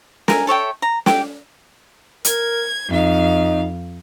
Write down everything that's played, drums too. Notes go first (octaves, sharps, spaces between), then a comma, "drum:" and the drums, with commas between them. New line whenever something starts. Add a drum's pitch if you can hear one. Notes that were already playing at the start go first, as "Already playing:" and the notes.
A#4 G#5, drum: snare
A4 C#5 E5 G5
A#5
G4 G5 D6, drum: snare
A#4 G#6, drum: hi-hat
F2 D#4 F5